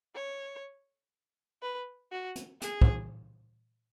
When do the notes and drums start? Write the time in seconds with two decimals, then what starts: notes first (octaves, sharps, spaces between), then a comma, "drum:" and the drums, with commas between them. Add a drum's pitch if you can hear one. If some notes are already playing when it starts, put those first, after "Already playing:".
0.15 C#5
1.62 B4
2.12 F#4
2.36 drum: hi-hat
2.62 G#4, drum: hi-hat
2.82 drum: kick